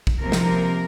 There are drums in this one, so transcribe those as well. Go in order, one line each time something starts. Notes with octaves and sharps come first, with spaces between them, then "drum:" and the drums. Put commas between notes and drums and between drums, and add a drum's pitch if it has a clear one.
drum: kick
C3 F3 A#3 A#4
drum: snare